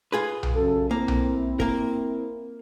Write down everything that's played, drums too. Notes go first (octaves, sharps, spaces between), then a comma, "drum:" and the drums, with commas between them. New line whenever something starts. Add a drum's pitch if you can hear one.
F4 G#4 B4
drum: tom B1
F#2 C#3 A4
A#3 C4 E4
drum: tom B1
A#3 A#4, drum: kick